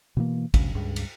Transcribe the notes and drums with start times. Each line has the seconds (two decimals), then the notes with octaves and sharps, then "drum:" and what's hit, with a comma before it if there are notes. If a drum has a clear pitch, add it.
0.17 B2 E3 A#3
0.54 G1 D2 C#3, drum: kick, cymbal
0.75 C#2 G2 C#3
0.96 drum: cymbal